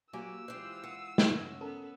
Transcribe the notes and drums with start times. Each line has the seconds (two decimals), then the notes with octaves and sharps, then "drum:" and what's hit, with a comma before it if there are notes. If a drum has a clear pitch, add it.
0.13 F#3 A#3 F#4 G4 G#5 E6
0.48 E3 G#3 F4 G4 C5 F#6
0.84 F#5
1.18 A#3 C#4, drum: snare
1.61 B3 C#4 A4 A#4